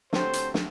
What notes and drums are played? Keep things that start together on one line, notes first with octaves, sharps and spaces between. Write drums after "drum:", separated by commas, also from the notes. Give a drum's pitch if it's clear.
D3 F#3 A3 C4 G4 C5, drum: snare
drum: hi-hat
drum: snare